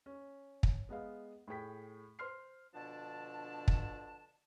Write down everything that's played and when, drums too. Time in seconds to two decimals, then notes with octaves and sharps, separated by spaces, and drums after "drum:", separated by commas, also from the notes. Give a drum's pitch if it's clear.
0.06 C#4
0.63 drum: kick
0.89 G#3 B3 D#5 F5
1.48 A2 G#4 G5 B6
2.19 C5 C6 F6 C7
2.74 B2 D3 F3 D4 A5
3.68 drum: kick